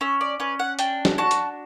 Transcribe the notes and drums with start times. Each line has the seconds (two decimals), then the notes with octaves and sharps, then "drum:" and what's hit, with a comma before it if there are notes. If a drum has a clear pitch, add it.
0.01 C#4 E5
0.21 D5
0.40 C#4 B4
0.59 F#5
0.79 D4 G5, drum: hi-hat
1.05 drum: snare
1.18 F#4 A5
1.31 drum: hi-hat